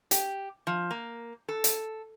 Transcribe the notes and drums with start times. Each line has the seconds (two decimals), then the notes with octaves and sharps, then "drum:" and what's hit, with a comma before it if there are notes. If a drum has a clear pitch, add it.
0.11 G4, drum: hi-hat
0.67 F3
0.91 A#3
1.49 A4
1.64 drum: hi-hat